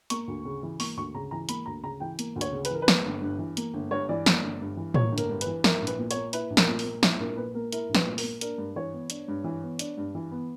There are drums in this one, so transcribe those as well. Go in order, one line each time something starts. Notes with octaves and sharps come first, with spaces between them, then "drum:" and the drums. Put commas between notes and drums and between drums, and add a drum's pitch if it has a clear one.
A#3 C#6, drum: hi-hat
D2
C#3
E3
A#3 C#6, drum: open hi-hat
D2 C#6
C#3 A#5
E3 A#5
A#3 B5, drum: hi-hat
D2 A#5
C#3 A#5
E3 G5
A#3, drum: hi-hat
D2
C#5, drum: hi-hat
C#3
B4, drum: hi-hat
E3 A#4
B4
A#3, drum: snare
G1
G2
E3
A#3, drum: hi-hat
G1
G2 C#5
E3 D5
A#3, drum: snare
G1
G2
E3
A#3 C#5, drum: tom A2
G1
A#4, drum: hi-hat
G2
B4, drum: hi-hat
E3
E4 A#4, drum: snare
A#1
B4, drum: hi-hat
A#2
A#3 C#5, drum: hi-hat
E4 B4, drum: hi-hat
A#1
A#4, drum: snare
A#2
A#4, drum: open hi-hat
A#3
E4, drum: snare
A#1 A#4
A#4
A#2 B4
A#3 A#4
E4 A#4, drum: hi-hat
A#1
B4, drum: snare
A#2
A#4, drum: open hi-hat
A#3
D4 A#4, drum: hi-hat
G2
E3 C#5
B3
D4, drum: hi-hat
G2
E3
B3
D4, drum: hi-hat
G2
E3
B3